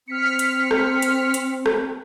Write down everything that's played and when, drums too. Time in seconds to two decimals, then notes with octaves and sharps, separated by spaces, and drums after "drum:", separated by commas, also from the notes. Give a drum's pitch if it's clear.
0.08 C4 F6 B6 C#7
0.39 drum: hi-hat
0.71 drum: rim click
1.02 drum: hi-hat
1.34 drum: hi-hat
1.66 drum: rim click